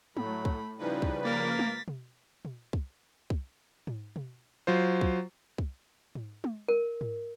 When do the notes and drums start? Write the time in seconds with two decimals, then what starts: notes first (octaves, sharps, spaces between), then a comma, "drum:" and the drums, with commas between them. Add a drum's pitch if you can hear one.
0.17 A2 F#3 A3 B5, drum: tom G#3
0.45 drum: kick
0.79 C#3 F3 G3 D#4 E4 B4
1.02 drum: kick
1.25 A#3 A#4 A6 B6
1.59 drum: tom G#3
1.88 drum: tom B2
2.45 drum: tom A#2
2.73 drum: kick
3.30 drum: kick
3.87 drum: tom G#2
4.16 drum: tom B2
4.67 F#3 F4 C5
5.01 drum: kick
5.58 drum: kick
6.15 drum: tom G#2
6.44 drum: tom G#3
6.68 A#4
7.01 drum: tom G#2